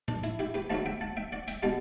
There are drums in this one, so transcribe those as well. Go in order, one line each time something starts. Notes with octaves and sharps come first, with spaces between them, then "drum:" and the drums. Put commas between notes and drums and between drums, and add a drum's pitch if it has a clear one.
D4, drum: tom A2
E4, drum: hi-hat
E4 G4
G4 B4
D2 D3 F#3 F#5 A5
E5 G5
F#5 A5
E5 G5
D5 F#5
E5 G5, drum: hi-hat
B2 G3 F#5 A5